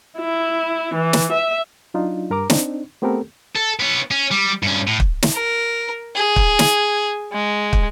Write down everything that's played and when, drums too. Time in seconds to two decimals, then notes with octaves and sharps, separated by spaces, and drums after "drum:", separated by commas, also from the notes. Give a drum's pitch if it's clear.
0.18 E4
0.94 E3
1.13 drum: snare
1.32 E5
1.94 F#3 D4 D#4 F4
2.30 G2 A#4 A#5 D6
2.50 C4 D4 D#4, drum: snare
3.02 A3 B3 C4 G4 A4 A#4
3.55 A4
3.80 B3 C#5
4.11 C#4
4.31 G3
4.63 G2 C#4
4.87 A2
5.00 drum: kick
5.23 drum: snare
5.34 A#4
6.16 G#4
6.36 drum: kick
6.59 drum: snare
7.32 G#3
7.73 drum: kick